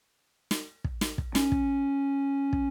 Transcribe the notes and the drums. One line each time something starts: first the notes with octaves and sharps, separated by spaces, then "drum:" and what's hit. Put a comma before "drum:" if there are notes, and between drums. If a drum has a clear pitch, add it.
drum: snare
drum: kick
drum: snare
drum: kick
C#4, drum: snare
drum: kick
drum: kick